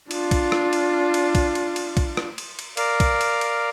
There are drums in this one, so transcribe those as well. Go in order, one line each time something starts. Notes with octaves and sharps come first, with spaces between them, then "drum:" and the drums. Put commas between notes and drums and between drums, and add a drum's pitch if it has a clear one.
D4 F4, drum: cymbal
drum: kick, cymbal
drum: rim click
drum: cymbal
drum: cymbal
drum: kick, cymbal
drum: cymbal
drum: cymbal
drum: kick, cymbal
drum: rim click
drum: cymbal
drum: cymbal
A#4 D5 F5, drum: cymbal
drum: kick, cymbal
drum: cymbal
drum: cymbal